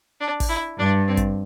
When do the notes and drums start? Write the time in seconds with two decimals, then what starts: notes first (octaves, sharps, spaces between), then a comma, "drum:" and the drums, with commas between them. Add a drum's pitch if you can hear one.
0.21 D4
0.40 drum: kick, open hi-hat
0.49 E4
0.78 G2 D4
1.08 C4
1.17 drum: kick, hi-hat